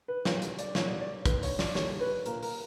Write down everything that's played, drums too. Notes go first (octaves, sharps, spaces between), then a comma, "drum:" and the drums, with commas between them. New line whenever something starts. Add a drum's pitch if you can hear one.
B4
A#2 F#3 B3 C#5, drum: snare
drum: hi-hat
D5, drum: hi-hat
A#2 F#3 B3 C#5, drum: snare
D5
D5
D3 A#3 B4, drum: kick, hi-hat
C#5, drum: open hi-hat
D5, drum: snare
D3 A#3 C#5, drum: snare
B4
A#2 A#3 A#4, drum: hi-hat
A#4, drum: open hi-hat